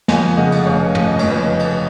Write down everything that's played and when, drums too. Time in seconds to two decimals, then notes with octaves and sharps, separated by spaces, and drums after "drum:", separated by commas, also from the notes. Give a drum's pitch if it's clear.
0.08 F2 F5 G#5, drum: snare
0.37 C#3 D#5 F#5
0.52 drum: cymbal
0.66 F1 C#5 F5
0.95 F1 F5, drum: tom
1.07 D#5
1.19 F2 C#5, drum: cymbal
1.31 B4 D#5
1.59 drum: cymbal